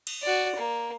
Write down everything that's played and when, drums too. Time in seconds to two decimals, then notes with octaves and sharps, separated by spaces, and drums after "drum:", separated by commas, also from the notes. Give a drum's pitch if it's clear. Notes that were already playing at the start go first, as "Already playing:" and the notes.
0.07 drum: cymbal
0.23 F#4 D5
0.56 A#3